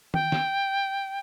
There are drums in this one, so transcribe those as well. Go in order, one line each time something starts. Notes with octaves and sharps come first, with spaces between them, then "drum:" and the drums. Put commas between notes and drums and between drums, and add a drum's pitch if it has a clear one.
G5, drum: tom D#3
drum: snare